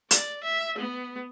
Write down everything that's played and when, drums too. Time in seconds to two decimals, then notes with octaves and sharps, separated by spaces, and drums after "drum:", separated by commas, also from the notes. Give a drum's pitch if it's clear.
0.11 D5, drum: hi-hat
0.43 E5
0.78 B3